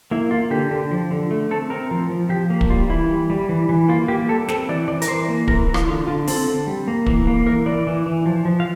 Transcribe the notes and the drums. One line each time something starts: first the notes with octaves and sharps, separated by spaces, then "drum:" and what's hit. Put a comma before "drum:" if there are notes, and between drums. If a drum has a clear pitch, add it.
A#3 E4
A#3 F4
D3 G4
D3
F3
D3
A3
C4 A4
C4 A#4
F3
F3
F3 G4
A#3
drum: kick
G3 F4
E3 E4
G3
G3
E3
E3
A#3 F4
A#3 G4
G3 A4
C4 A4, drum: snare
E3 D5
E3 D5
A#4, drum: hi-hat
E3 C5
A#3
E3 A#4, drum: kick
E3
F4, drum: rim click
D3 F4
D3 F4
C4 A4, drum: open hi-hat
D3
G3
A#3
E3, drum: kick
A#3
E3 A#4
E3 D5
E3
E3
F3
F3
F5